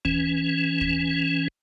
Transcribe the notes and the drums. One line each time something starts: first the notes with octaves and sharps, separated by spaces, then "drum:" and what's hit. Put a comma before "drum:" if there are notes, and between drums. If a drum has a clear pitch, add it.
E3 C#4, drum: kick
drum: kick